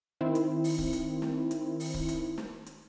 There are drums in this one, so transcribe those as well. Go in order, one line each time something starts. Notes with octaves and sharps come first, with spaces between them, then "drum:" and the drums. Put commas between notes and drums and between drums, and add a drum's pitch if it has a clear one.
D#3 C4 E4
drum: hi-hat
drum: open hi-hat
drum: kick C#1
drum: hi-hat
drum: snare
drum: hi-hat
drum: open hi-hat
drum: kick C#1
drum: hi-hat
drum: snare
drum: hi-hat